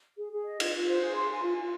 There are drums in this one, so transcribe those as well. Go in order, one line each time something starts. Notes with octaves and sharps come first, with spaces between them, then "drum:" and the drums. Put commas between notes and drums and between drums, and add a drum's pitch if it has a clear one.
G#4
G#4
D#5
F4, drum: cymbal
F4
C5
G#4
C6
G#5
F4
F4